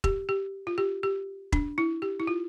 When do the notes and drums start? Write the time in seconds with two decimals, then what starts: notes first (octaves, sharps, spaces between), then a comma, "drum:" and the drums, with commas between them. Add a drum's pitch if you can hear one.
0.04 G4, drum: kick E1
0.29 G4
0.67 F4
0.78 G4
1.03 G4
1.52 D4, drum: kick E1
1.78 E4
2.02 G4
2.20 E4
2.27 F4